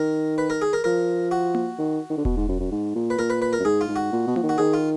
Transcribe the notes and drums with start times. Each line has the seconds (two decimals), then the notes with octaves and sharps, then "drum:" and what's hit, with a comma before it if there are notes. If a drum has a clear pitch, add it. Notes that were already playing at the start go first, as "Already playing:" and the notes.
Already playing: D#3 A#4
0.38 B4
0.50 A#4
0.62 G#4
0.73 A#4
0.84 F3 A#4
1.31 F#4
1.55 drum: tom A#3
1.78 D#3
2.10 D#3
2.17 D3
2.25 B2, drum: kick E1
2.37 G#2
2.48 F#2
2.60 F#2
2.71 G#2
2.95 A#2
3.10 B4
3.19 A#2 A#4
3.30 B4
3.42 B4
3.53 A#4
3.59 F#2
3.64 G#2 G#4
3.81 F4
3.88 G#2
3.96 F#4
4.12 A#2
4.27 B2
4.36 F3, drum: tom A#3
4.43 D#3
4.49 F#4
4.58 D#3 G#4
4.74 F4